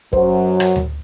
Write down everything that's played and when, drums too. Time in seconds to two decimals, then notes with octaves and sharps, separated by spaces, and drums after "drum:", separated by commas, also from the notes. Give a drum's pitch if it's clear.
0.13 F#2 F#3 C5, drum: kick
0.60 drum: rim click
0.76 drum: tom D2